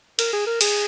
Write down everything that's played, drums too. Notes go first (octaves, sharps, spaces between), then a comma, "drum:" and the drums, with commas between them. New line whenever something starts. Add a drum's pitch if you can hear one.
A#4, drum: cymbal
G#4
A#4
G#4, drum: cymbal